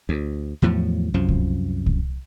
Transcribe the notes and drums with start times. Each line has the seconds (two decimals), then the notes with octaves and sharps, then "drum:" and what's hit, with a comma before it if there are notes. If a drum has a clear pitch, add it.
0.09 D2
0.62 E2 A2 F3 F#3
1.14 C2 F#2 F3
1.28 drum: kick C2
1.86 drum: kick C2